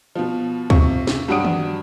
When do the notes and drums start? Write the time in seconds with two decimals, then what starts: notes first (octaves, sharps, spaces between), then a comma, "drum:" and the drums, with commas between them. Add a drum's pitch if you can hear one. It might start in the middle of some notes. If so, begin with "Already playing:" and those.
0.16 B2 F3
0.70 C3 F4 C#6, drum: kick C#2
1.07 drum: snare
1.28 G2 F#3 G4 F#5 D#6 D7
1.45 drum: tom D#3